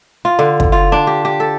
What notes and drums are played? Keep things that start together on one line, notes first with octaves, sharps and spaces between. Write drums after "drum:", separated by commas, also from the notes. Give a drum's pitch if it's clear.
F4
D3
drum: kick
F4
D4
G4
G4
A4